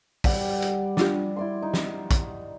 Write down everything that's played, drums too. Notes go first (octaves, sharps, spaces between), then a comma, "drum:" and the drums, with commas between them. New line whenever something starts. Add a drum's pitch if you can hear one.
G3 D5 F#5, drum: kick, open hi-hat
drum: hi-hat
D4 F4 G4, drum: snare
E4 D5 C6
D#4
drum: snare
drum: kick, hi-hat